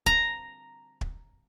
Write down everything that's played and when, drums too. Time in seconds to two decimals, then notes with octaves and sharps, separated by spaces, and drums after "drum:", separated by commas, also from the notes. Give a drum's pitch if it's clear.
0.06 A#5, drum: kick
1.01 drum: kick